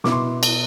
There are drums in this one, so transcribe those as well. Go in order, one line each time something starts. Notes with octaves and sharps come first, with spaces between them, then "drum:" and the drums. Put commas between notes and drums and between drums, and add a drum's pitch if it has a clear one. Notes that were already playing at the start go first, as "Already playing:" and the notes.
B2 B3 E4 D6, drum: snare
C6
drum: cymbal